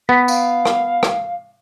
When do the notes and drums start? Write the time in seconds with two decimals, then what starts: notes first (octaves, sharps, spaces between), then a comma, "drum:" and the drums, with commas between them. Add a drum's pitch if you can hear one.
0.09 B3 B6
0.28 F5, drum: tambourine
0.65 drum: rim click
1.03 drum: rim click